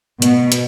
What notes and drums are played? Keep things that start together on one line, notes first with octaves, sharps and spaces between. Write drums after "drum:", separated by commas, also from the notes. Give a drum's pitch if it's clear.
B2, drum: hi-hat
drum: hi-hat